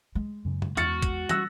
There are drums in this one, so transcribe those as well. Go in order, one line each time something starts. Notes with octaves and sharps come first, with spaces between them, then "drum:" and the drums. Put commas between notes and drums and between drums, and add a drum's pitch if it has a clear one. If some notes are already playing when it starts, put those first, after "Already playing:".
G#3
F#2 C#3
drum: tom F#2
E2 F#4 F6 A6 C#7, drum: hi-hat
drum: kick, hi-hat
E3 G3 E6 F#6 A#6, drum: hi-hat